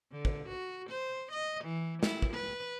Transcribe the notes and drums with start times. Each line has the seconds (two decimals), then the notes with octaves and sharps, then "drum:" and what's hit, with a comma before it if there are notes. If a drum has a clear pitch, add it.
0.12 D3
0.25 drum: kick
0.48 F#4
0.90 C5
1.31 D#5
1.64 E3
2.03 E4, drum: snare
2.22 drum: kick
2.33 B4